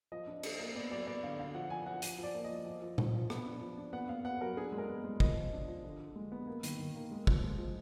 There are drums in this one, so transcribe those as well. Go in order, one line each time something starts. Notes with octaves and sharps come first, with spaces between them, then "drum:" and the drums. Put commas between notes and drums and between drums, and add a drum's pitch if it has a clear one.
F3 D#5
D4
D4, drum: cymbal
A#3
B3 D5
F#3 D5
B3 D5
D3 F5
D4 F5
F3 F#5
F3 G#5
F3 F#5
F3 F#5, drum: hi-hat
F3 D5
A#3
D#5
F3
F3
F3
F3, drum: tom A#2
F3
B3, drum: rim click
D4
F3
D4
B3 F#5
B3 F5
B3 F#5
F#3 A#4
D4 G#4
G#3
A#4
B3
G#3
F3 D#5, drum: kick
F3
D4
F3
D3
D3
G#3
B3
A#3
D#3, drum: hi-hat
D#3
A#3
G#3
F3, drum: kick
G#3
F3